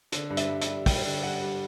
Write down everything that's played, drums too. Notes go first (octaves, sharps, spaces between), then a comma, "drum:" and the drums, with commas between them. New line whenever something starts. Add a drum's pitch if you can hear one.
D3, drum: hi-hat
G2
E5, drum: hi-hat
G3
E5, drum: hi-hat
G3
G3 G5, drum: kick, open hi-hat
D3
G3 F#5
G3